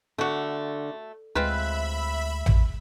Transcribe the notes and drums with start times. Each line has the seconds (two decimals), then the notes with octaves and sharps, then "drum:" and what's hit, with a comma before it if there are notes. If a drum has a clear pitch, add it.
0.18 D3 A3 F#4
1.35 D2 G#3 C4 F4 B4 E5 B5
2.46 drum: tom A1